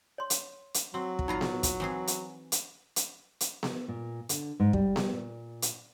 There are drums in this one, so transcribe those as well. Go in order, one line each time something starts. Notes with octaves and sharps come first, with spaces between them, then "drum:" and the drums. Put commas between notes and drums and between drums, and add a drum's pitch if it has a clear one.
C#5 C6
drum: hi-hat
drum: hi-hat
F#3 C4 C6
drum: kick
A#2 D#4 F4 A#5 B5
drum: snare B3
drum: kick, hi-hat
E3 C4 G#4
drum: hi-hat
drum: hi-hat
drum: hi-hat
drum: hi-hat
drum: snare B3
A#2
D3, drum: hi-hat
G#2
G3, drum: kick
drum: snare B3
A#2
drum: hi-hat